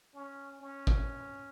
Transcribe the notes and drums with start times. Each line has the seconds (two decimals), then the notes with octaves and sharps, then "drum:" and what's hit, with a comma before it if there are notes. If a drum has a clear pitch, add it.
0.15 C#4
0.61 C#4
0.87 drum: kick